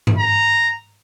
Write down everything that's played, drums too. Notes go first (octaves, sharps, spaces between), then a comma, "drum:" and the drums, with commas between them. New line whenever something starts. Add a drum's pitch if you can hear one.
drum: tom G2
A#5